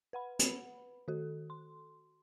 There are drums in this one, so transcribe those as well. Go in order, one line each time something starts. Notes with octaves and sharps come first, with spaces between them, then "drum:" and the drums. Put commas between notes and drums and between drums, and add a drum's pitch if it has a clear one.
B4 F#5 B5
drum: hi-hat
D#3 F#4 A4
C6